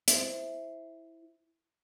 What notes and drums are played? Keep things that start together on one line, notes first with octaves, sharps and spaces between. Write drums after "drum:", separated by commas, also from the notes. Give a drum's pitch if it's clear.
E4 C5, drum: hi-hat